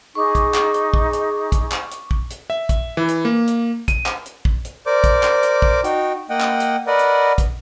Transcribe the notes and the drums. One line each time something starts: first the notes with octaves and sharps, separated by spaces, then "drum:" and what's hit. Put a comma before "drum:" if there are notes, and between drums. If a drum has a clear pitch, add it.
D#4 G#4 C#6 D6
drum: kick, hi-hat
drum: clap
drum: hi-hat
drum: kick
drum: hi-hat
drum: kick, hi-hat
drum: clap
drum: hi-hat
drum: kick
drum: hi-hat
E5
drum: kick, hi-hat
E3
drum: hi-hat
A#3
drum: hi-hat
D#7, drum: kick, hi-hat
drum: clap
drum: hi-hat
drum: kick
drum: hi-hat
A#4 C5 D5 D6
drum: kick, hi-hat
drum: clap
drum: hi-hat
drum: kick
D#4 F#4 G5, drum: hi-hat
A#3 D#5 F#5 G5
drum: clap
drum: hi-hat
A#4 B4 D5 D#5 F#5
drum: hi-hat
drum: kick, hi-hat